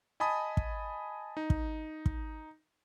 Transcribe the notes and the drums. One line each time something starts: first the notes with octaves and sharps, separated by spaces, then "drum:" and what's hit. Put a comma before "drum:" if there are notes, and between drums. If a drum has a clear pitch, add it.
D#5 G#5 A5 B5 D#6
drum: kick
D#4
drum: kick
drum: kick